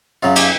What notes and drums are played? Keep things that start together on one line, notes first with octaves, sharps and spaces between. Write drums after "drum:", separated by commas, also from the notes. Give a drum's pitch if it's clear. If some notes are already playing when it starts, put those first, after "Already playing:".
F#2 C#3 F#3 F4
G4, drum: cymbal